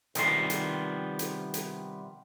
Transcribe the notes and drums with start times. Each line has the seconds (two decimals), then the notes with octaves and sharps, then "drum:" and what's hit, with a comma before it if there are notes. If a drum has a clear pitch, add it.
0.15 C3 D#3 F3 G3 B3 C5, drum: hi-hat
0.50 drum: hi-hat
1.19 drum: hi-hat
1.54 drum: hi-hat